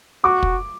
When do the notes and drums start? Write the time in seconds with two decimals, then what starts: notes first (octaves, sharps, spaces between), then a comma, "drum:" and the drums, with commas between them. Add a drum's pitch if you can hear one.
0.24 F#4 D6
0.43 drum: kick